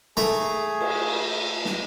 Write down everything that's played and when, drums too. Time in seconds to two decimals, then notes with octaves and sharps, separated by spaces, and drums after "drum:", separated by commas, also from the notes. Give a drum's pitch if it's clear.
0.17 A3 G#4 A#5, drum: snare
0.81 drum: cymbal
1.65 drum: snare